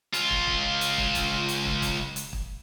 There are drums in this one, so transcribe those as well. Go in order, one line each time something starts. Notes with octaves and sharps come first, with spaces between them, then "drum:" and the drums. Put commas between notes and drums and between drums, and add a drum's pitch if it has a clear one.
C#2 F4, drum: hi-hat
drum: kick
drum: kick
drum: hi-hat
drum: kick
drum: kick, hi-hat
drum: hi-hat
drum: kick
drum: kick, hi-hat
drum: hi-hat
drum: kick